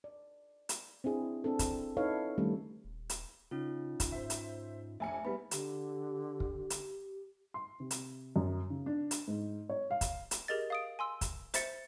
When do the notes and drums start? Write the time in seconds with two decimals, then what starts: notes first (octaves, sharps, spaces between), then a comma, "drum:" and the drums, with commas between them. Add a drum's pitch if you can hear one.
0.04 D5
0.69 drum: hi-hat
1.04 C4 D4 E4 G#4
1.44 C4 D4 A4
1.59 drum: kick, hi-hat
1.97 D#4 E4 A4 B4 C#5 F5
2.38 D#3 G3 A3 C#4
2.84 D#1
3.10 drum: hi-hat
3.51 C#3 C#4 D#4 F4
4.00 drum: kick, hi-hat
4.12 G#2 C5 E5
4.30 drum: hi-hat
5.00 F1 E5 G#5 C#7
5.25 G3 B3 B5
5.51 D3 G4, drum: hi-hat
6.40 drum: kick
6.70 drum: hi-hat
7.54 C6
7.80 C3
7.91 drum: hi-hat
8.36 F#2
8.70 C#3
8.86 D4
9.11 drum: hi-hat
9.28 G#2
9.69 C#5
9.91 F5
10.01 drum: kick, hi-hat
10.31 drum: hi-hat
10.48 G4 G#4 A#4 D#5 A6
10.70 F5 D#6 D7
10.99 G#5 C6 E6
11.21 drum: kick, hi-hat
11.54 C5 E5 A6 C#7, drum: hi-hat